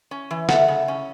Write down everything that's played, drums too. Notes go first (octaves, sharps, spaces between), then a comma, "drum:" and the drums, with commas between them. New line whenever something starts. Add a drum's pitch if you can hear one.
C#4
E3
A3 F#5, drum: snare
C#3
C#4